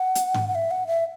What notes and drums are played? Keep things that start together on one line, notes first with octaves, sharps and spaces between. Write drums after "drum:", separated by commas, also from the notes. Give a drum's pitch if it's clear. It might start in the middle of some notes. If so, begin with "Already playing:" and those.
Already playing: F#5
drum: hi-hat
drum: tom G#2
F#5
E5
F#5
E5